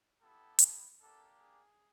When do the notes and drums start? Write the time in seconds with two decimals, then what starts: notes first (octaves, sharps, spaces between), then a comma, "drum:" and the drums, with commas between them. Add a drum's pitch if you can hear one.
0.21 G3 B3 E4 G4 A4
0.59 drum: hi-hat
0.99 A#3 D4 G4 A4
1.38 G#4